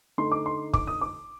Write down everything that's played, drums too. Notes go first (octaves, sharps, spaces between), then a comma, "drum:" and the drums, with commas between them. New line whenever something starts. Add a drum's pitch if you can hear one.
D3 A3 D#4 C6
D6
C6
D6, drum: kick
D#6
D6